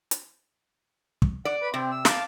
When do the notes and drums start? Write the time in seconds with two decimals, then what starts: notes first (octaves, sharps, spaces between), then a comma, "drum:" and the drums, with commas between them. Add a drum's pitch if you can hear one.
0.11 drum: hi-hat
1.22 drum: kick
1.45 D5 F#5
1.62 B4 B5
1.74 C3 C4
1.91 E6
2.05 F5 A5 D6, drum: snare